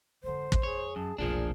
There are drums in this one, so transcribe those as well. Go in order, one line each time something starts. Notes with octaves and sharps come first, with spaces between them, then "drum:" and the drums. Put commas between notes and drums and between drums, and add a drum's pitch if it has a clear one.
G#1 F2 D3 C5
drum: kick
G#4 C#5
F#2 A5
F1 B1 A#2 F3 A#3 D4 G#4